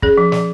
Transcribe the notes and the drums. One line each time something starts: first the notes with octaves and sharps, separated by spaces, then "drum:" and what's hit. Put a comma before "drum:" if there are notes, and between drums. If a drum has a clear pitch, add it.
C#4 G#4, drum: kick
F3
F3, drum: snare